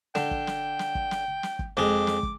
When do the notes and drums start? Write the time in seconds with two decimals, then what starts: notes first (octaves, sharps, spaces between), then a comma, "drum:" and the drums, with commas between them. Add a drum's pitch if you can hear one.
0.15 D3 G5, drum: snare
0.31 drum: kick
0.47 drum: snare
0.79 drum: snare
0.95 drum: kick
1.11 drum: snare
1.43 drum: snare
1.59 drum: kick
1.77 F2 G#3 D6, drum: snare
2.07 drum: snare
2.23 drum: kick